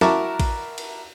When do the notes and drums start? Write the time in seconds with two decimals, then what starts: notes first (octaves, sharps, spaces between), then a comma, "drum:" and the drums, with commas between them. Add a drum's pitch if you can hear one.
0.01 E4 F#4 A#4 A5 C#6 D6, drum: snare
0.40 drum: kick A#1, cymbal
0.78 drum: cymbal